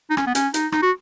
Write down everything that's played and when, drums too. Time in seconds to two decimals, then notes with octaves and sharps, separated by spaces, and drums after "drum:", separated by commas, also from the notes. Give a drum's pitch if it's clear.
0.11 D#4
0.17 C#4, drum: rim click
0.27 B3
0.35 C#4, drum: hi-hat
0.54 D#4, drum: hi-hat
0.72 D#4, drum: rim click
0.82 F#4